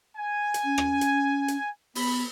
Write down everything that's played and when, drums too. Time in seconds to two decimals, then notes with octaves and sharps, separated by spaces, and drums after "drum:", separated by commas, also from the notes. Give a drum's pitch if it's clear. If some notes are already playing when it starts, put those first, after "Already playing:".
0.16 G#5
0.54 drum: hi-hat
0.64 C#4
0.78 drum: rim click
1.01 drum: hi-hat
1.48 drum: hi-hat
1.95 B3 B5, drum: open hi-hat